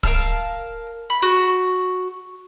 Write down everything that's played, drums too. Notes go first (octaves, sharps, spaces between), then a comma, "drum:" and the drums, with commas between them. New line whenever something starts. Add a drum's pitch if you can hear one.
A#4 F5 A5 F6, drum: kick
B5
F#4